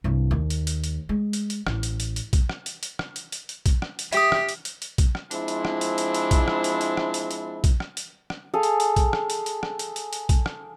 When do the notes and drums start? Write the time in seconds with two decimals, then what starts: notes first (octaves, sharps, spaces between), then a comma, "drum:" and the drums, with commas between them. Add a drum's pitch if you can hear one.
0.04 C2 G2
0.31 D#2
0.50 drum: hi-hat
0.67 drum: hi-hat
0.84 drum: hi-hat
1.09 G#3
1.33 drum: hi-hat
1.50 drum: hi-hat
1.67 A1, drum: rim click
1.83 drum: hi-hat
2.00 drum: hi-hat
2.16 drum: hi-hat
2.33 drum: kick A#1, hi-hat
2.49 drum: rim click
2.66 drum: hi-hat
2.83 drum: hi-hat
2.99 drum: rim click
3.16 drum: hi-hat
3.32 drum: hi-hat
3.49 drum: hi-hat
3.66 drum: kick A#1, hi-hat
3.82 drum: rim click
3.99 drum: hi-hat
4.12 G4 E5 D#6, drum: hi-hat
4.32 drum: rim click
4.49 drum: hi-hat
4.65 drum: hi-hat
4.82 drum: hi-hat
4.98 drum: kick A#1, hi-hat
5.15 drum: rim click
5.31 F3 G#3 C4 D4 E4, drum: hi-hat
5.48 drum: hi-hat
5.65 drum: rim click
5.81 drum: hi-hat
5.98 drum: hi-hat
6.14 drum: hi-hat
6.31 drum: kick A#1, hi-hat
6.48 drum: rim click
6.64 drum: hi-hat
6.81 drum: hi-hat
6.97 drum: rim click
7.14 drum: hi-hat
7.31 drum: hi-hat
7.64 drum: kick A#1, hi-hat
7.80 drum: rim click
7.97 drum: hi-hat
8.30 drum: rim click
8.54 G#4 A4 F5
8.63 drum: hi-hat
8.80 drum: hi-hat
8.96 drum: kick A#1, hi-hat
9.13 drum: rim click
9.30 drum: hi-hat
9.46 drum: hi-hat
9.63 drum: rim click
9.79 drum: hi-hat
9.96 drum: hi-hat
10.13 drum: hi-hat
10.29 drum: kick A#1, hi-hat
10.46 drum: rim click